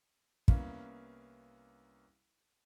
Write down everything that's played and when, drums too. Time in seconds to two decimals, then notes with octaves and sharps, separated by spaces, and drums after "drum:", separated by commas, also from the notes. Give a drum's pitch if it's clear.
0.48 C2 A#3 B3 C#4 F5, drum: kick